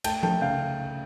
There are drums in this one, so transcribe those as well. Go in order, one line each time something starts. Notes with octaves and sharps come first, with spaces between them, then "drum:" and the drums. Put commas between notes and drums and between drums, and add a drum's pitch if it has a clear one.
A3 G5 A5, drum: cymbal
A3 G5 A5, drum: tom F3
C#3 F5 G5